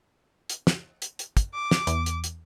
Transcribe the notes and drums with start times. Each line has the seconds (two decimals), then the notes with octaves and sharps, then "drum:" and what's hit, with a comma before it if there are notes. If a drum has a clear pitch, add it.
0.49 drum: hi-hat
0.67 drum: snare
1.02 drum: hi-hat
1.19 drum: hi-hat
1.37 drum: kick, hi-hat
1.54 D6
1.71 drum: snare
1.87 E2, drum: hi-hat
2.06 drum: hi-hat
2.24 drum: hi-hat